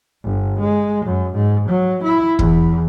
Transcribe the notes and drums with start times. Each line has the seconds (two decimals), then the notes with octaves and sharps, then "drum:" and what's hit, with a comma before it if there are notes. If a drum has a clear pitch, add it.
0.24 G1
0.60 G#3
1.06 F#2
1.35 G#2
1.69 F#3
2.04 E4
2.39 E2, drum: kick